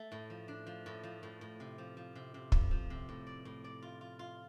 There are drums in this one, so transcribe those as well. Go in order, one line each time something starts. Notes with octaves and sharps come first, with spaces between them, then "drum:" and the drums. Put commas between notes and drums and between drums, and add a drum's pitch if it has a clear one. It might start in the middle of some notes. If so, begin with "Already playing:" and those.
Already playing: A3 A4
A2
F3
D4
F3
A2
F3
A2
A2
C3
F3
F3
C3
C3
F3, drum: kick
F3
C3
A2
D5
A2
D5
F4
F4
F4